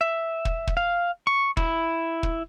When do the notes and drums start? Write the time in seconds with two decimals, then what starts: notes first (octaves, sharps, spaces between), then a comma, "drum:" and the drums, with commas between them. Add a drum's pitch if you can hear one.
0.01 E5
0.45 drum: kick
0.67 drum: kick
0.77 F5
1.27 C#6
1.57 E4, drum: kick
2.23 drum: kick